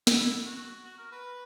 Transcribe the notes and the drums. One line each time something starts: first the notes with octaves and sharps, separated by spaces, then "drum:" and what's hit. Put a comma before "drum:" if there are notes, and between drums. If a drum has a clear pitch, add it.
E4, drum: snare
F#4
F#4
A#4
B4